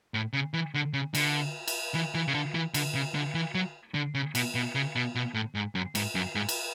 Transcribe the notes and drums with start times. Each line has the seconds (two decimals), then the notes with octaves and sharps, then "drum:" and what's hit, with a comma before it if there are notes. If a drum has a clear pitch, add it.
0.14 A2
0.33 C#3
0.54 E3
0.74 D3
0.93 C#3
1.15 D3, drum: cymbal
1.68 drum: cymbal
1.95 E3
2.15 E3
2.28 C#3
2.34 D3
2.55 E3
2.74 D3, drum: cymbal
2.95 C#3
3.15 D3
3.34 E3
3.55 F#3
3.94 D3
4.15 C#3
4.35 B2, drum: cymbal
4.55 B2
4.75 C#3
4.95 B2
5.15 B2
5.34 A2
5.55 G#2
5.75 F#2
5.95 G#2, drum: cymbal
6.15 F#2
6.35 G#2
6.49 drum: cymbal